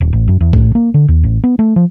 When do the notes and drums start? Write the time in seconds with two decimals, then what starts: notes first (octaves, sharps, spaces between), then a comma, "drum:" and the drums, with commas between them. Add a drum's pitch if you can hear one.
0.01 D#1
0.13 A1
0.28 F#2
0.41 E2
0.53 A2, drum: kick A#1
0.75 A#3
0.94 D3
1.08 D#2
1.23 A1
1.44 B3
1.59 A3
1.76 F3